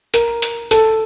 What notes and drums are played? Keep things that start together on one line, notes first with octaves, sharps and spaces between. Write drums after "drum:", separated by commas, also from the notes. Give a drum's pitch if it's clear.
A#4, drum: hi-hat
drum: hi-hat
A4, drum: hi-hat